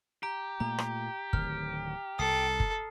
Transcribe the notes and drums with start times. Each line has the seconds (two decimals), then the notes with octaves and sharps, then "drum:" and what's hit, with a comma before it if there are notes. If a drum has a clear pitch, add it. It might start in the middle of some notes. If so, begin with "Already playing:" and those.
0.23 G4 A#5
0.60 A#2 A3 A#5
0.78 drum: rim click
1.33 D1 D#3 F6, drum: kick
2.19 C2 A4 D#6 C7
2.60 drum: kick